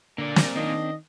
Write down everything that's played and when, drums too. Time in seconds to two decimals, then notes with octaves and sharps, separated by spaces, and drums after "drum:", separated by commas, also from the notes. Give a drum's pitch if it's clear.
0.18 D3 A#3 D5
0.36 drum: snare
0.56 D#3 C4 D4 D#5